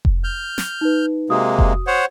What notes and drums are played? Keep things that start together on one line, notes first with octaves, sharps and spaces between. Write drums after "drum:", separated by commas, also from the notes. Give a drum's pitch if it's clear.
drum: kick F1
F6 G6
drum: snare
D#4 B4
C3 G#3 A#3 F#4 D#6
drum: kick F1
C5 C#5 F#5